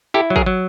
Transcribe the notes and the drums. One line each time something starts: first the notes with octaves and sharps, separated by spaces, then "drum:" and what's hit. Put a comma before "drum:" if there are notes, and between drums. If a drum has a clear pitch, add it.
E4 G4 A4
F#3
G#4 A#4, drum: kick
F#3